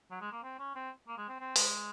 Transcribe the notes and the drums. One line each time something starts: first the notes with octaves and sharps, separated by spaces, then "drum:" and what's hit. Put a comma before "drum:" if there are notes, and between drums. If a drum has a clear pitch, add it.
F#3
G#3
A#3
C4
C#4
C4
A#3
G#3
C4
C4
G#3, drum: open hi-hat